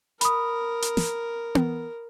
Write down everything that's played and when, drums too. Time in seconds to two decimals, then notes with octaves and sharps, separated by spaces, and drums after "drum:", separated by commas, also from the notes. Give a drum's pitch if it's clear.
0.21 A#4 B5 D#6, drum: hi-hat
0.82 drum: hi-hat
0.97 drum: snare
1.55 drum: tom B3